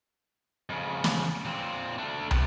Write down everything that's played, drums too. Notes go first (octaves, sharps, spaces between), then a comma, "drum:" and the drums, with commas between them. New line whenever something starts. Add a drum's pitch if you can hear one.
F2 C#3
drum: snare
A#2 C4
A3 D4
C3 B3, drum: tom